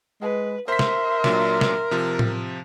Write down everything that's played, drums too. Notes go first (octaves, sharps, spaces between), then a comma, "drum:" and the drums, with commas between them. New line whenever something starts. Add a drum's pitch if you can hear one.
G#3 B4
A#4 C5 E5 C6 B6
drum: snare
A#2 F#3 D4, drum: snare
drum: snare
C3 F3
drum: tom A2